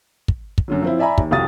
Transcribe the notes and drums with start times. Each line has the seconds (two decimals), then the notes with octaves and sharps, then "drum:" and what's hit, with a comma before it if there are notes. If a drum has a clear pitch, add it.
0.28 drum: kick
0.58 drum: kick
0.68 F#2 D3 F#3
0.83 F3 C4 E4
0.99 D5 E5 G#5 A#5 B5
1.18 D#2, drum: kick
1.31 C2 F2 F#4 F5 D#6 A6